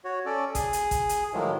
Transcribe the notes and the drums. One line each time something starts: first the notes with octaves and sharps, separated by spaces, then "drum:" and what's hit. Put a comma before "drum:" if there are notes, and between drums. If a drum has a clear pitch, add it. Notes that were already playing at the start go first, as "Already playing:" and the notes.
F#4 C#5
C#4 A4 D5
G#4, drum: kick G#1, hi-hat
drum: hi-hat
drum: kick G#1, hi-hat
drum: hi-hat
A2 D#3 F3 F#3 G#3